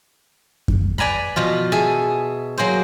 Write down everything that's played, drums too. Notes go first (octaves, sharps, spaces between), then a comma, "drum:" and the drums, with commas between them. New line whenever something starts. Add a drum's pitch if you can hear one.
drum: kick F#2
B4 D5 G#5 A#5 B5
B2 F3 F4
G#4 A4 E5 G#5
F#3 A#3 G#4 C5